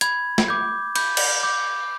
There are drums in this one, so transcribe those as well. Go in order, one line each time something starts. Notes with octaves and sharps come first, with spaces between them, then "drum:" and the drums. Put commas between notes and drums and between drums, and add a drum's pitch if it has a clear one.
B5 G#6, drum: hi-hat
drum: snare
D6 G6
B5 G6, drum: cymbal
drum: cymbal
D6 G6